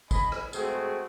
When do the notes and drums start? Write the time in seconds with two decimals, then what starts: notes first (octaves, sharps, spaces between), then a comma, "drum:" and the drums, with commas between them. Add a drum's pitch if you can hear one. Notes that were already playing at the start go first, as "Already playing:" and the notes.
0.11 D#5 G#5 B5, drum: kick, tambourine
0.32 drum: rim click
0.53 G#3 A3 C4 F#4 G#4, drum: tambourine